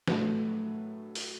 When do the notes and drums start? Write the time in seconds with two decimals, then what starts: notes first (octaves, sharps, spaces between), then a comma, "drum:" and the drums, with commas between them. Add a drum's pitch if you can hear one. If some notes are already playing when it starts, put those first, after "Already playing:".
0.08 A2 F#3 A3 B4, drum: snare
1.15 drum: open hi-hat